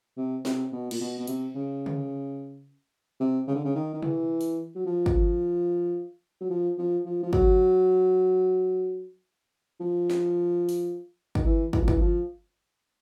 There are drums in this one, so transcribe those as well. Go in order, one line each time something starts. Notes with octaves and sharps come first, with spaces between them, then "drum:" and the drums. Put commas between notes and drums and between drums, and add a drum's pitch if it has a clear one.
C3
C3, drum: snare
B2
A#2, drum: cymbal
B2
B2
C3, drum: hi-hat
C#3
drum: tom C#3
C3
C#3
D3
C#3
D#3
D#3
E3, drum: tom C3
drum: open hi-hat
F#3
F3
drum: kick
F#3
F3
F3
F3
F3
F#3, drum: kick
F3
drum: snare
drum: open hi-hat
D#3, drum: kick
E3
E3, drum: kick
F3
E3, drum: kick
F3